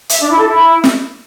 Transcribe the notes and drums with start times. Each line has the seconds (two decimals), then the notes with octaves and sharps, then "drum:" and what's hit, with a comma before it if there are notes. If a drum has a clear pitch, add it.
0.09 E5, drum: hi-hat
0.20 D4
0.29 E4
0.38 A4
0.47 E4
0.84 drum: snare